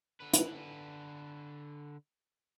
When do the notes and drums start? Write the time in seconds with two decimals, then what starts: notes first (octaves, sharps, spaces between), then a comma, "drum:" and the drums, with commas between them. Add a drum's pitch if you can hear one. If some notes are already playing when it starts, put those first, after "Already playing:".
0.21 D3 B4
0.33 drum: hi-hat